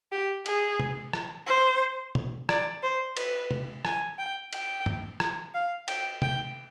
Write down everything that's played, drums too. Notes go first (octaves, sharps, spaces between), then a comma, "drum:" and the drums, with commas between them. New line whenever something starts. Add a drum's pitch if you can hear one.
G4
G#4, drum: cymbal
drum: tom
drum: rim click
C5
drum: tom
D5, drum: rim click
C5
B4, drum: cymbal
drum: tom
G#5, drum: rim click
G5
G5, drum: cymbal
drum: tom
drum: rim click
F5
G5, drum: cymbal
G5, drum: tom